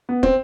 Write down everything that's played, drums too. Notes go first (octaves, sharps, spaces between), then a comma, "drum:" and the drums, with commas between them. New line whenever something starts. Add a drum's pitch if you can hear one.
B3
C4, drum: kick